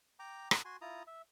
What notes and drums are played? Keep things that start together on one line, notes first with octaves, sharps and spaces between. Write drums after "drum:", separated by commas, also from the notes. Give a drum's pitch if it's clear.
G5 A#5 D6
F#5 A5 D#6 E6, drum: rim click
F#4 G#5 C6
E4 F4 A#5 D#6
E5